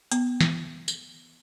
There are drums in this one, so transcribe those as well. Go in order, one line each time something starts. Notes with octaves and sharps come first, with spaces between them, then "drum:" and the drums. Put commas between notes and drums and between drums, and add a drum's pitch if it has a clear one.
B3, drum: hi-hat
drum: snare
drum: tambourine